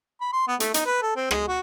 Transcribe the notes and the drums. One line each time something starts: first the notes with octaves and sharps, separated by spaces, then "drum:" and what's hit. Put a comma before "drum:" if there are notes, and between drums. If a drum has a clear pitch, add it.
B5
C6
B3
A3, drum: hi-hat
D#4, drum: hi-hat
B4
A4
C4
G#3, drum: rim click
F#4